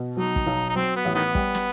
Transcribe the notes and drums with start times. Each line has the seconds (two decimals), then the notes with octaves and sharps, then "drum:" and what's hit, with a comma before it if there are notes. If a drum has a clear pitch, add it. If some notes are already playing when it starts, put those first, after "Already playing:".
Already playing: B2
0.16 F#3 D#4
0.36 drum: kick
0.46 B1
0.69 D#4
0.75 F#3 C4
0.96 B3
1.05 A1
1.15 D#3 B3
1.35 G3, drum: kick
1.55 drum: snare